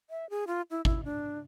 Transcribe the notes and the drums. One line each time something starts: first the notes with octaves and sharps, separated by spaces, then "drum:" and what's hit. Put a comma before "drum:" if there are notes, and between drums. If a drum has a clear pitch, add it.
E5
G#4
F4
E4
E4, drum: kick G#1
D4